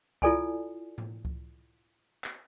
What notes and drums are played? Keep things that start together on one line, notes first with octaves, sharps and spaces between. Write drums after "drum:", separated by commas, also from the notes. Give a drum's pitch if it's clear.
E4 F4 A4 D5 G#5 A5, drum: kick C#2
drum: tom A2
drum: kick C#2
drum: clap